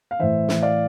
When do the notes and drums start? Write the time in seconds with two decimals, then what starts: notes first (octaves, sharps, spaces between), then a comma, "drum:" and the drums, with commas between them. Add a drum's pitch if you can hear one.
0.11 F5
0.19 A2 E3 C5 E5
0.49 drum: snare
0.62 D5 F5